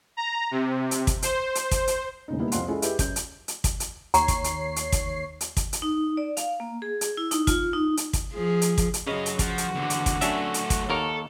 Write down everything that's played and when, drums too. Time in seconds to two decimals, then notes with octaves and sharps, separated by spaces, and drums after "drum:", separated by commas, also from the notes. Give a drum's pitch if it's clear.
0.17 A#5
0.51 C3
0.91 drum: hi-hat
1.07 drum: kick, hi-hat
1.22 C5, drum: hi-hat
1.55 drum: hi-hat
1.71 drum: kick, hi-hat
1.87 drum: hi-hat
2.28 E1 C#3 D#4
2.39 G3 A#3 B3 D#4 E4
2.52 C2 F2 F5 F#5 C6, drum: hi-hat
2.68 G#3 C#4 E4 F4 A4
2.82 E4 G4 G#4 B4 D#5 E5, drum: hi-hat
2.99 F#2 G6, drum: kick, hi-hat
3.16 drum: hi-hat
3.48 drum: hi-hat
3.64 drum: kick, hi-hat
3.80 drum: hi-hat
4.14 D#2 C#5 A#5 C7, drum: hi-hat
4.28 drum: kick, hi-hat
4.44 drum: hi-hat
4.76 drum: hi-hat
4.92 drum: kick, hi-hat
5.41 drum: hi-hat
5.57 drum: kick, hi-hat
5.73 drum: hi-hat
5.82 D#4
6.17 D5
6.37 F5, drum: hi-hat
6.60 A#3
6.82 G#4
7.01 drum: hi-hat
7.17 E4
7.31 D#4, drum: hi-hat
7.47 F4, drum: kick, hi-hat
7.73 D#4
7.97 drum: hi-hat
8.13 drum: kick, hi-hat
8.34 F3 G#4
8.62 drum: hi-hat
8.78 drum: kick, hi-hat
8.94 drum: hi-hat
9.07 C#3 F#3 C#4 D#5
9.26 drum: hi-hat
9.39 F3 F#4, drum: kick, hi-hat
9.58 drum: hi-hat
9.75 E2 D3
9.90 drum: hi-hat
10.06 drum: kick, hi-hat
10.21 F#3 A3 C#4 D4 E5, drum: hi-hat
10.54 drum: hi-hat
10.70 drum: kick, hi-hat
10.90 D#2 A4 A#4 C#5